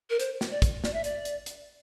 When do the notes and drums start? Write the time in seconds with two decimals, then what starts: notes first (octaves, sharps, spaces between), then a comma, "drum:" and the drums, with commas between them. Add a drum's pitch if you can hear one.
0.10 A#4
0.20 C5, drum: hi-hat
0.41 drum: snare
0.51 D5
0.62 drum: kick, hi-hat
0.84 D5, drum: snare
0.93 E5
1.04 D5, drum: hi-hat
1.25 drum: hi-hat
1.46 drum: hi-hat